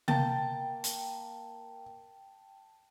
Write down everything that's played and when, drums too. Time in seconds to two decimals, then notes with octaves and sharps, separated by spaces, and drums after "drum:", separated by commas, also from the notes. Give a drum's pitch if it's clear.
0.08 A#3 G5 A5 A6, drum: tom
0.84 drum: hi-hat